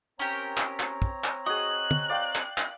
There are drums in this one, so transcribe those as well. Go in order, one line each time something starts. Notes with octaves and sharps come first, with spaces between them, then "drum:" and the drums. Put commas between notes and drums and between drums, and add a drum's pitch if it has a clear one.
C4 C#4 G4 A#4 C#5 A#5
drum: clap
drum: clap
drum: kick
drum: clap
F#4 G#4 D#5 F#6
drum: tom
D5 F5 G5
drum: clap
drum: clap